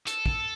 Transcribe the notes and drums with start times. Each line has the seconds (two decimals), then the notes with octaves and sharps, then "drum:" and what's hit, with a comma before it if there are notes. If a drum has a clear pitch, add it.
0.07 A4, drum: hi-hat
0.26 drum: kick